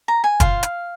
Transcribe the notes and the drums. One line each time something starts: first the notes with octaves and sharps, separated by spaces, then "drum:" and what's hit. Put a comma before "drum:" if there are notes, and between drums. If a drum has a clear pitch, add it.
A#5
G#5
F4 C5 F5, drum: kick, hi-hat
drum: hi-hat